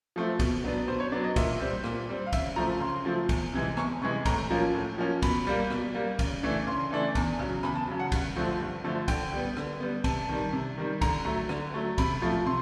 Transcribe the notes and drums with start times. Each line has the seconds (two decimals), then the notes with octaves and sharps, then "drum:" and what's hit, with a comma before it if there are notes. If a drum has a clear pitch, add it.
0.16 F3 A3 C4
0.39 B2, drum: kick, cymbal
0.64 F#3 B3 D4
0.88 B2 C5
1.00 C#5
1.12 F#3 B3 D4 D5
1.24 D#5
1.36 A#2 E5, drum: kick, cymbal
1.60 G3 C4
1.84 A#2, drum: rim click
2.09 G3 C4
2.26 F5
2.33 C#3 E5, drum: kick, cymbal
2.56 F3 A3 C4 A#5
2.80 C#3 C6
3.05 F3 A3 C4
3.29 E2, drum: kick, cymbal
3.53 C3 E3 G#3
3.77 E2 C#6, drum: rim click
4.02 C3 E3 G#3 C#6
4.25 A2 A#5, drum: kick, cymbal
4.50 F3 A#3 C#4
4.74 A2
4.98 F3 A#3 C#4
5.22 B2 B5, drum: kick, cymbal
5.47 G3 A#3
5.70 B2, drum: rim click
5.95 G3 A#3
6.19 C#3, drum: kick, cymbal
6.43 E3 A3 D4
6.67 C#3 C6
6.91 E3 A3 D4
7.15 E2, drum: kick, cymbal
7.39 C#3 F#3
7.63 E2 B5, drum: rim click
7.75 A5
7.88 C#3 F#3
7.99 F#5
8.12 G2, drum: kick, cymbal
8.36 D3 F3 A3 C4
8.60 G2
8.84 D3 F3 A3 C4
9.08 D3 G5, drum: kick, cymbal
9.33 G3 B3
9.57 D3, drum: rim click
9.80 G3 B3
10.04 C3 A5, drum: kick, cymbal
10.29 D#3 G3
10.53 C3
10.78 D#3 G3
11.01 D3 A#5, drum: kick, cymbal
11.25 F#3 A3
11.49 D3, drum: rim click
11.74 F#3 A3
11.98 C3 B5, drum: kick, cymbal
12.22 F3 A3
12.46 C3 C6